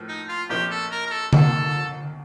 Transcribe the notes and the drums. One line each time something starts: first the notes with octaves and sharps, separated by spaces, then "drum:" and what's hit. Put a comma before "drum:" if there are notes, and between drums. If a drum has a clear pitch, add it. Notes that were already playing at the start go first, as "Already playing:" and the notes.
Already playing: A2 F3 A#3
D#4
F4
A#1 A#2 F3 A#3 G4
A4
A#4
A#4
A4
C2 C3 D#3 A#3 A4, drum: tom D3